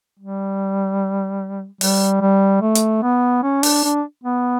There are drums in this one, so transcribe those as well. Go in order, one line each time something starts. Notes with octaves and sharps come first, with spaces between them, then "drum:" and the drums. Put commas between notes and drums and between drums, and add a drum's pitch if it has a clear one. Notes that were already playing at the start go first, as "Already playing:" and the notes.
G3
G3, drum: open hi-hat
G3
A3
drum: hi-hat
B3
C#4
D4, drum: open hi-hat
D4
B3